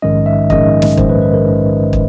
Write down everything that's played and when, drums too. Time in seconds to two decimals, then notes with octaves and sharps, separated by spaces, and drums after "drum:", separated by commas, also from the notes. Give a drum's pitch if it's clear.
0.02 A#1 G#2 D#3 G#3 C#4 D#5
0.26 E5
0.50 A#1 G#2 D#3 G#3 C#4 D#5, drum: kick
0.82 drum: snare
0.97 A#1 G#2 D#3 G#3 C#4 C5, drum: kick
1.09 B4
1.22 B4
1.34 A#4
1.45 A#1 G#2 D#3 G#3 C#4
1.93 drum: kick